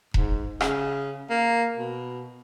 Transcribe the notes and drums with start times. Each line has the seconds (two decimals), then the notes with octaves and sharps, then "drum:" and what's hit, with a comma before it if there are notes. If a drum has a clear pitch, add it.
0.14 G#2, drum: kick E1
0.61 C#3, drum: rim click
1.30 A#3
1.77 B2